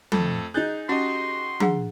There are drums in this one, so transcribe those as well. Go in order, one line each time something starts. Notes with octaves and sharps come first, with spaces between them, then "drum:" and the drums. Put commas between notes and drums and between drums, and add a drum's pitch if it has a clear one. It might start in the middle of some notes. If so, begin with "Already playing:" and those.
F2 A3 A4, drum: tom F3
D#4 G#4 F#6 G6 A6
C#4 F#4 G4 D#5 C6
D4 G#4 F#5, drum: tom F3